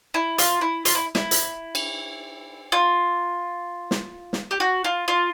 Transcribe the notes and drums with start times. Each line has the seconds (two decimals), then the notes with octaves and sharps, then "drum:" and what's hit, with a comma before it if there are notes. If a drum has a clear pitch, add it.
0.14 E4
0.38 F4, drum: hi-hat
0.61 E4
0.85 F4, drum: hi-hat
0.95 E4
1.15 E4, drum: snare
1.31 drum: hi-hat
1.75 drum: cymbal
2.72 F4
3.91 drum: snare
4.33 drum: snare
4.51 G4
4.60 F#4
4.84 F4
5.08 F4